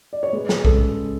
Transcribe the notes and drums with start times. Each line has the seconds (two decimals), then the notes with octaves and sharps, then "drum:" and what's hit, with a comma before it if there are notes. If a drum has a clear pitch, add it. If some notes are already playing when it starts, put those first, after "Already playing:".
0.13 D5
0.23 C#5
0.33 G#3 B4
0.49 G#3, drum: snare
0.65 C#3 A4, drum: kick B1